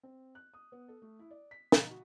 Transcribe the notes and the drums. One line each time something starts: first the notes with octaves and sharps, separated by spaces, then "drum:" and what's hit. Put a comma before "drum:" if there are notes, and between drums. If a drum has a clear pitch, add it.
C4
F#6
D#6
B3
A4
A3
E4
D5
B6
D#4, drum: snare
F#4